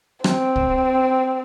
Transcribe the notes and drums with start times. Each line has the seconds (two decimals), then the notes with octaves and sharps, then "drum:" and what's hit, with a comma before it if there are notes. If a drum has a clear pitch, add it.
0.24 C4, drum: rim click
0.56 drum: kick